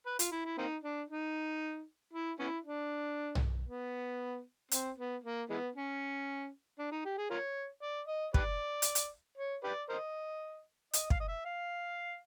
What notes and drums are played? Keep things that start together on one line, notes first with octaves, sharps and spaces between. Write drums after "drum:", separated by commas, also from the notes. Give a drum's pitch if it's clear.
B4
F4, drum: hi-hat
E4
E4
A#3 C4 D#4
D4
D#4
E4
B3 C#4 E4
D4
drum: tom B1
B3
C4, drum: hi-hat
B3
A#3
E3 G#3 B3
C#4
D4
D#4
G4
G#4
F4 A#4 C#5
D5
D#5
G4 B4 D5, drum: kick
drum: hi-hat
drum: hi-hat
C#5
G4 B4 D5
A#4 C5 D#5
D#5, drum: hi-hat
F5, drum: kick
D#5
E5
F5